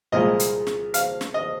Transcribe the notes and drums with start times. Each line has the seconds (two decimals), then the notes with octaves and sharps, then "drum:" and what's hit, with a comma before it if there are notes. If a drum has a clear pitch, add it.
0.12 C2 A#2 F3 G#3 D#5
0.39 drum: hi-hat
0.67 drum: snare
0.94 F5, drum: hi-hat
1.21 drum: snare
1.34 D#5